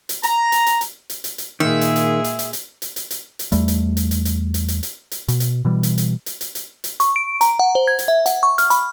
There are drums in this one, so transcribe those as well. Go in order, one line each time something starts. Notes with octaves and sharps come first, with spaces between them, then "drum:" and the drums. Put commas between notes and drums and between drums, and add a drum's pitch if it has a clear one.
drum: hi-hat
A#5, drum: hi-hat
drum: hi-hat
drum: hi-hat
drum: hi-hat
drum: hi-hat
drum: hi-hat
drum: hi-hat
A#2 D#3 G#3 G#4 E5
drum: hi-hat
drum: hi-hat
drum: hi-hat
drum: hi-hat
drum: hi-hat
drum: hi-hat
drum: hi-hat
drum: hi-hat
drum: hi-hat
E2 G3 A3, drum: hi-hat
drum: hi-hat
drum: hi-hat
drum: hi-hat
drum: hi-hat
drum: hi-hat
drum: hi-hat
drum: hi-hat
drum: hi-hat
B2, drum: hi-hat
drum: hi-hat
B2 E3 G3
drum: hi-hat
drum: hi-hat
drum: hi-hat
drum: hi-hat
drum: hi-hat
drum: hi-hat
C#6, drum: hi-hat
D7
A#5, drum: hi-hat
F#5
C5
G#6
drum: hi-hat
E5
F#5, drum: hi-hat
C#6
F6, drum: hi-hat
B5, drum: hi-hat